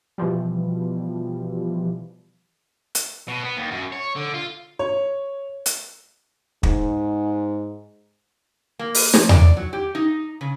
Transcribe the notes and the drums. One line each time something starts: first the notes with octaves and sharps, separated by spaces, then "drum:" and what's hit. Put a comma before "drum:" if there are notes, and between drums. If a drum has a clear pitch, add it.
B2 E3 F3 G3
drum: hi-hat
B2
B3
D#2
F#2
C#5
D3
F4
C#5
drum: hi-hat
G#2, drum: kick
A#3
drum: open hi-hat
F3, drum: snare
D5, drum: tom E2
F#3
G4
D#4
C#3